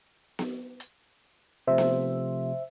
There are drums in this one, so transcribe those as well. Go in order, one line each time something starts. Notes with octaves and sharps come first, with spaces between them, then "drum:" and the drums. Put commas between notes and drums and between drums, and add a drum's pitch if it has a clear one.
drum: snare B3
drum: hi-hat
C3 F3 A3 C5 E5
drum: snare B3